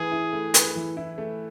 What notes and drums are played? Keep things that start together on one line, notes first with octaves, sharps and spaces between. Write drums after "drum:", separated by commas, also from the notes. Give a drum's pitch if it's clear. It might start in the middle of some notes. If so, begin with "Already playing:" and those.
Already playing: E3 A3 G#4 B4
E4
A3
B4, drum: hi-hat
E3
E4
A3